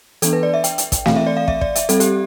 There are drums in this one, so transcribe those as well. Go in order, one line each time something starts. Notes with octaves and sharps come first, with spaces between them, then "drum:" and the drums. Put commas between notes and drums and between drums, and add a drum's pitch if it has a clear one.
E3 B3 D4 A4, drum: hi-hat
B4
D5
E5
G5, drum: hi-hat
drum: hi-hat
drum: kick, hi-hat
E3 A3 C4 F5, drum: snare
E5
D5
F5
E5, drum: kick
D5, drum: kick
E5, drum: hi-hat
G3 C4 A4, drum: hi-hat
G4, drum: hi-hat